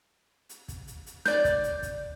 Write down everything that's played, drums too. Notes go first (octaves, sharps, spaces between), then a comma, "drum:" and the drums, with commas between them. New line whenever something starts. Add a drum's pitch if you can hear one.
drum: hi-hat
drum: kick, hi-hat
drum: hi-hat
drum: hi-hat
D5 G6, drum: snare
drum: kick, hi-hat
drum: hi-hat
drum: kick, hi-hat